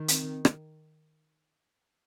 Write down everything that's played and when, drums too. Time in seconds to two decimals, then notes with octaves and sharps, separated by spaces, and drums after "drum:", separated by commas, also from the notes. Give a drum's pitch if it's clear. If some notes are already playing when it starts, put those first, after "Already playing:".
Already playing: D#3
0.08 C4, drum: hi-hat
0.45 drum: rim click